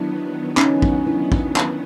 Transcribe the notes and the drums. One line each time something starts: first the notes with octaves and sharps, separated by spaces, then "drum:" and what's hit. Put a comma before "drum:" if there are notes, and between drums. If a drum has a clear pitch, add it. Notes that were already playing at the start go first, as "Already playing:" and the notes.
Already playing: D#3 F#3 B3 D4 E4
C#4 D#4, drum: clap
drum: kick
D4 E4
drum: kick
drum: clap